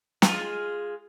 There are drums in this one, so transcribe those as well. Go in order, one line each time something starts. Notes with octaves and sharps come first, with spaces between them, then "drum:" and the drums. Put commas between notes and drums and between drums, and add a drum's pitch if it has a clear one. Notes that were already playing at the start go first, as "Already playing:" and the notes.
G#3 F4, drum: snare